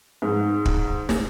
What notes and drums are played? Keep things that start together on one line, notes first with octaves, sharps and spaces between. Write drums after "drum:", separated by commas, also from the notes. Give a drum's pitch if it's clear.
G#2
drum: kick
drum: snare